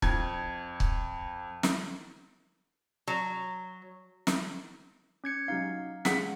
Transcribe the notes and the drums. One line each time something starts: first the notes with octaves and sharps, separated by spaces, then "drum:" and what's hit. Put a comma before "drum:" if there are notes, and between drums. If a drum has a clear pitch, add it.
F2 G#6, drum: kick C#1
drum: kick C#1
drum: snare
F#3
drum: snare
C#4 G#6 C#7
F#3 D#4 F5
G#3 C#4 F#5 B6, drum: snare